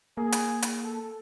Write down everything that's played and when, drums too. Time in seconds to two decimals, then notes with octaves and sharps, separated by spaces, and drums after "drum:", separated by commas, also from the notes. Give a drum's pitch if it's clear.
0.17 A#3 G#4
0.32 drum: hi-hat
0.62 drum: hi-hat
0.84 A4